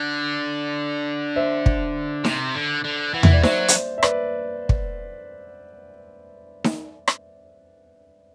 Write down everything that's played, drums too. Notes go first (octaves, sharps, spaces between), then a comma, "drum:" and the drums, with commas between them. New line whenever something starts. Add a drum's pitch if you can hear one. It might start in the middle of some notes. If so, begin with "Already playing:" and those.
Already playing: D3
C5 E5
drum: kick
C3, drum: snare D#4
D3
D3
E3 F#5
E5, drum: tom E2
D5
F#3 C5 E5, drum: snare D#4
drum: hi-hat
E5
B4 D5, drum: rim click
drum: kick
drum: snare D#4
drum: rim click